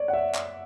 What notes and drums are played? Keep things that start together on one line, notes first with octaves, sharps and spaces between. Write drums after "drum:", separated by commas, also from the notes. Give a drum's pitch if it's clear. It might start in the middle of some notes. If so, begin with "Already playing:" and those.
Already playing: C#5 D5
F#5
E5
drum: clap